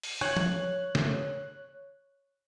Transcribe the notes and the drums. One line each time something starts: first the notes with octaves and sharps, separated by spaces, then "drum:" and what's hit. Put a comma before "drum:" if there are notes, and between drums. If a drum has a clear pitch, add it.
drum: open hi-hat
C#5 F#6, drum: rim click
drum: tom
drum: snare